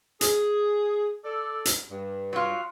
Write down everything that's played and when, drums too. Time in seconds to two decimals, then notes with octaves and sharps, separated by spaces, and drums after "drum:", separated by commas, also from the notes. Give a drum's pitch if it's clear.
0.21 G#4, drum: hi-hat
1.24 A4 D5
1.65 drum: hi-hat
1.91 G2
2.33 F#3 F4